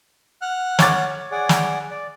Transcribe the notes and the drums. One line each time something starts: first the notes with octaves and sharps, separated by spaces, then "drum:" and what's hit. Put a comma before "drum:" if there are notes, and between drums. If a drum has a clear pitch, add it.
F#5 F6 F#6
C#5 D6 A6, drum: snare
G#4 D5 F#5
drum: snare
D5